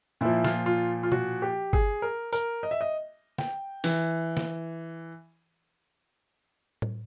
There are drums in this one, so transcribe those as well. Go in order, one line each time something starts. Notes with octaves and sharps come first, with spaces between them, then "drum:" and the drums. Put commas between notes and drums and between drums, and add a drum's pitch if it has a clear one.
A#2 F3 E4
F4, drum: snare
F4
F4
F#4, drum: tom B2
G4
G#4, drum: kick G1
A#4
A#4, drum: tambourine
D#5
E5
D#5
G5, drum: snare
E3, drum: open hi-hat
drum: snare
drum: tom A2